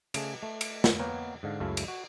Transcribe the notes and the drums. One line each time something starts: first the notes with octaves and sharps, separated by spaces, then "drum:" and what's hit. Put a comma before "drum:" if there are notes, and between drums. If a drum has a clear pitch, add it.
C#3 A3 G#4, drum: cymbal
A3
drum: cymbal
drum: snare
A#3 B3 A#4 C#5 F#5 G5
G#2 D3 F5
C#2 F#2 C#3 A3 E4 F5
drum: cymbal
F#4